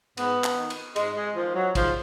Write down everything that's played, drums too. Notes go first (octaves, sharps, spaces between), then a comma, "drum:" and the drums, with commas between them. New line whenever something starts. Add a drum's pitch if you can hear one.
G#2 B3, drum: cymbal
drum: clap
D#3
drum: cymbal
G#2 G#3, drum: cymbal
G#3
D#3 F3
F#3
G#2 F3, drum: kick A1, cymbal